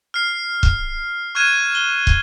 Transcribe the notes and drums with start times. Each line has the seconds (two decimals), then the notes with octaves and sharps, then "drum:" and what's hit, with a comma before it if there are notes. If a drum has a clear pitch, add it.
0.14 F6 C7
0.63 drum: kick
1.35 C#6 F6 F#6 G#6 D#7 E7
1.75 G7
2.07 drum: kick